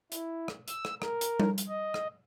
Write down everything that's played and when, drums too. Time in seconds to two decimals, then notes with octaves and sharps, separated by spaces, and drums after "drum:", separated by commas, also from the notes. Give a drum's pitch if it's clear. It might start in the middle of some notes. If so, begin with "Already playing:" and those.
0.12 E4, drum: hi-hat
0.48 drum: rim click
0.68 E6, drum: hi-hat
0.85 drum: rim click
1.02 A#4, drum: rim click
1.21 drum: hi-hat
1.40 drum: tom G3
1.58 drum: hi-hat
1.68 D#5
1.94 drum: rim click